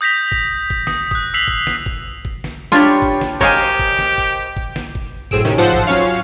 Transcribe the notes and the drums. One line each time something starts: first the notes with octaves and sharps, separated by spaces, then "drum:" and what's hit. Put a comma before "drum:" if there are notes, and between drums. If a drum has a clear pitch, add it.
D#6 G6 A#6 B6 F7
drum: kick G1
drum: kick G1
D#6, drum: snare
D#6 F#6, drum: kick G1
E6 B6 C7 F7 F#7
drum: kick G1
drum: snare
drum: kick G1
drum: kick G1
drum: snare
D4 F4 G4 B4 C#5
drum: kick G1
drum: snare
G4 A#4 C5 C#5 D#5 F5 G#5, drum: kick G1
drum: kick G1
drum: snare
drum: kick G1
drum: kick G1
drum: snare
drum: kick G1
F#2 A2 C4 G#4 E6 D7, drum: kick G1
C3 D#3 C#4
G#2 F3 C5 F#5 A5 E6
drum: kick G1
F#3 C#4 F4 C#5 F5